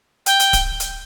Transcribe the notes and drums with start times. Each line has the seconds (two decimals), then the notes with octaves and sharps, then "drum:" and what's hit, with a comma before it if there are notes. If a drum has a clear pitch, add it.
0.26 G5, drum: hi-hat
0.40 drum: hi-hat
0.53 drum: kick D1, hi-hat
0.80 drum: hi-hat